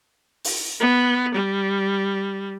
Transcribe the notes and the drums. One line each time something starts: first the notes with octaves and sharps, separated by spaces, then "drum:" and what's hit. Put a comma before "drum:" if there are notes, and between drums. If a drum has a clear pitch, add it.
drum: open hi-hat
B3
G3